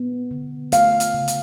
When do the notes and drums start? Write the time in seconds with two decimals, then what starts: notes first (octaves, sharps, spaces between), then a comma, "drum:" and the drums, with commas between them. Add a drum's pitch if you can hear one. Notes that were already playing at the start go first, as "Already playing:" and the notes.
Already playing: B3
0.31 D3
0.72 A3 F5, drum: hi-hat
1.00 drum: hi-hat
1.14 C#3
1.28 drum: hi-hat